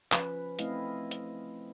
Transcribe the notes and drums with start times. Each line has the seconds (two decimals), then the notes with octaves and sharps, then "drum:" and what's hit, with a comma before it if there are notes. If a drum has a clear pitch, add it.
0.12 F3 C#4 B4, drum: clap
0.59 A3 C4 E4 D#5 F5, drum: hi-hat
1.11 drum: hi-hat